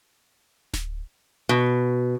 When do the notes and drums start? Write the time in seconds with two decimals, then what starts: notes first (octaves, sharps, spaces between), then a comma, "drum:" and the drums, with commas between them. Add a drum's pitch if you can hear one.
0.74 drum: snare D1
1.49 B2